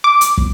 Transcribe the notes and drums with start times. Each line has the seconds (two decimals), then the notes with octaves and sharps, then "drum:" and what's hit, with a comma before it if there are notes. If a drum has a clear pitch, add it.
0.04 D6
0.21 drum: hi-hat
0.38 drum: kick